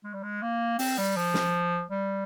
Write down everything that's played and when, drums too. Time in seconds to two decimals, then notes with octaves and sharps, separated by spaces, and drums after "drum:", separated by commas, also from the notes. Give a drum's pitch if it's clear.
0.04 G#3
0.14 G3
0.23 G#3
0.42 A#3
0.79 C4, drum: open hi-hat
0.98 G3
1.16 F3
1.34 drum: snare
1.91 G3